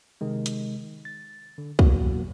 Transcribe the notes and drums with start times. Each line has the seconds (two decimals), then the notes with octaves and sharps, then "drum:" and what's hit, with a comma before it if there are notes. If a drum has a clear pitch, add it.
0.21 C3 D#3 G#3
0.46 drum: hi-hat
1.05 A6
1.58 D3
1.79 G#1 E2 B2 F#3 A#3 F#4, drum: kick